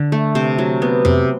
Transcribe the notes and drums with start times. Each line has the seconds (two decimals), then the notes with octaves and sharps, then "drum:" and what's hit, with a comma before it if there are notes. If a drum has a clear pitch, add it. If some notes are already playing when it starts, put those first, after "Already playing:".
Already playing: D3
0.12 A3
0.35 C3 C5
0.58 F#3
0.82 B3
1.05 C3, drum: tom F2